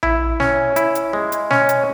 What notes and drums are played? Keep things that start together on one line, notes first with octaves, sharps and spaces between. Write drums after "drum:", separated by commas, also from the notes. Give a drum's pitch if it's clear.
E4, drum: tom A#1
C#4, drum: snare
E4, drum: hi-hat
drum: hi-hat
G#3
drum: hi-hat
C#4, drum: snare
drum: hi-hat